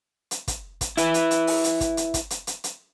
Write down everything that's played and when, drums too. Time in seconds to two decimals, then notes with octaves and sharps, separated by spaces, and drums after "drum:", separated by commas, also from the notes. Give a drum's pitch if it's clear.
0.31 drum: hi-hat
0.48 drum: kick, hi-hat
0.81 drum: kick, hi-hat
0.97 E4 B4, drum: hi-hat
1.14 drum: hi-hat
1.31 drum: hi-hat
1.47 drum: open hi-hat
1.64 drum: hi-hat
1.81 drum: kick, hi-hat
1.97 drum: hi-hat
2.14 drum: kick, hi-hat
2.30 drum: hi-hat
2.47 drum: hi-hat
2.64 drum: hi-hat